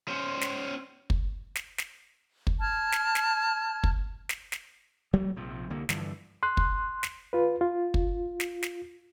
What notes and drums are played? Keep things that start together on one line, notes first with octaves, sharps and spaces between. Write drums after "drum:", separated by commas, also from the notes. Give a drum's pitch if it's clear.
C#4 C5
drum: snare
drum: kick
drum: snare
drum: snare
drum: kick
A5 F6 G#6
drum: snare
drum: snare
drum: kick
drum: snare
drum: snare
F#3 G3 A3 A#3
A#1 C3 F3
C2 D3 A#3
G2 D3 E3 F3, drum: snare
C6 F#6
drum: kick
drum: snare
F4 B4
F4
drum: kick
drum: snare
drum: snare